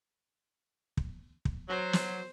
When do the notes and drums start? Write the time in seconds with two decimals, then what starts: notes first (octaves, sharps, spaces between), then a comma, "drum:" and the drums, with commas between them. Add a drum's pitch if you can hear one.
0.97 drum: kick
1.45 drum: kick
1.69 F#3 C5
1.93 drum: snare